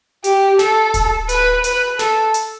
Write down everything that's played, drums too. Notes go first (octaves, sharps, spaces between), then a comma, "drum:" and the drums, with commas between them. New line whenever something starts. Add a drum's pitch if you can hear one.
G4, drum: hi-hat
A4, drum: snare
drum: kick D1, hi-hat
B4, drum: hi-hat
B4, drum: hi-hat
A4, drum: snare
drum: hi-hat